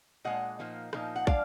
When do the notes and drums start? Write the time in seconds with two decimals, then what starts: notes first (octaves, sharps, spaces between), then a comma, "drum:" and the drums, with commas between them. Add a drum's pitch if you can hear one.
0.25 A#2 G#3 D4 D#5 F#5
0.59 A#2 F3 A#3 D#4
0.93 A#2 F3 A#3 D#4, drum: rim click
1.16 F#5
1.27 F3 G#3 D4 D5 F5, drum: kick